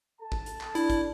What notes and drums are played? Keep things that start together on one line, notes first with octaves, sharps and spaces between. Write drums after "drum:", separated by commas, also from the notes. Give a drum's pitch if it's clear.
A4 A5
drum: kick
drum: hi-hat
drum: clap
D4 E4, drum: hi-hat
drum: kick, hi-hat